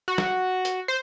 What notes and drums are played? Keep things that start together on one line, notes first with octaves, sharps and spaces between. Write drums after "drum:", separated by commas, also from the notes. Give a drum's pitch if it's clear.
F#4
drum: snare
drum: hi-hat
C5